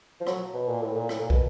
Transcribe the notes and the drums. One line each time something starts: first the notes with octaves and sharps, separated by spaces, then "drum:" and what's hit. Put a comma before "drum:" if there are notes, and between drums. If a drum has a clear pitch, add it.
F3
F#3, drum: rim click
B2
A#2
A2
A#2
A2, drum: rim click
A#2
B2, drum: kick